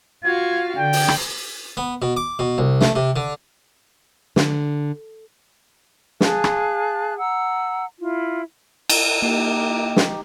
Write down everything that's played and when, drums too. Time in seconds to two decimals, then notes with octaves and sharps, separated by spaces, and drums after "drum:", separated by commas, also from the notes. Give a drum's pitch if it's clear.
0.25 F4 F#4 F5 G#6
0.78 D3 G5
0.93 drum: open hi-hat
1.08 drum: rim click
1.77 B3
2.02 B2
2.17 D6
2.39 B2
2.58 C2
2.81 A3, drum: snare
2.96 C3
3.16 D3
4.36 D3, drum: snare
6.21 G#4 F5 A5 F#6, drum: snare
6.44 drum: rim click
7.18 F#5 A#5 E6
8.00 E4 F4
8.89 drum: cymbal
9.22 A#3 D#4 G4
9.96 drum: snare